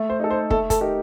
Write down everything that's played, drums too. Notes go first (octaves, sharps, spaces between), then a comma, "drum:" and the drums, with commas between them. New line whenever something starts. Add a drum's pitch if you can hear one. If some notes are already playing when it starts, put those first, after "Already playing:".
Already playing: A3
C5
D#4 A4
C5
A3 A4, drum: kick
A4, drum: kick, hi-hat
D#4 G4 A#4